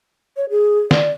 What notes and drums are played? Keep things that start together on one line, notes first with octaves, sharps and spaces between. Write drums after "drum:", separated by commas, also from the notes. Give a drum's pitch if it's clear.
C#5
G#4
D5, drum: snare